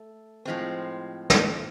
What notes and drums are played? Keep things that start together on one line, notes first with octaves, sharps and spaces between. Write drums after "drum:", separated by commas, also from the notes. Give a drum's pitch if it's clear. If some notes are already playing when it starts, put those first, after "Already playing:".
Already playing: A3
A2 F3 G#3 C4
drum: snare